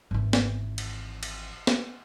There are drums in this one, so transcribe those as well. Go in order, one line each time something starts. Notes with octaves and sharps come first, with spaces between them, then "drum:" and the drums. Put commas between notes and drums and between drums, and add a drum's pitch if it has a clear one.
G#1 E3
drum: snare
drum: cymbal
drum: cymbal
drum: snare